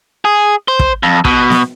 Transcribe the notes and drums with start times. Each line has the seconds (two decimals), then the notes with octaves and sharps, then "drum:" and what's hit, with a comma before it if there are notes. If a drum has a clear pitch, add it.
0.25 G#4
0.68 C5
0.79 drum: kick
1.03 F2
1.25 B2, drum: kick
1.50 drum: snare B3